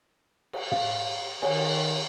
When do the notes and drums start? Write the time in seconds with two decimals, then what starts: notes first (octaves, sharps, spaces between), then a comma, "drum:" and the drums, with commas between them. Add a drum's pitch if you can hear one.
0.53 drum: cymbal
0.72 F5, drum: tom
1.42 D#3 C#5 G#5, drum: cymbal